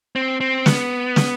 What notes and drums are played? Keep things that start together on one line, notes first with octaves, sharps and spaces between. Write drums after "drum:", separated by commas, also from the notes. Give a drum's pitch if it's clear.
C4
C4
B3, drum: snare
drum: snare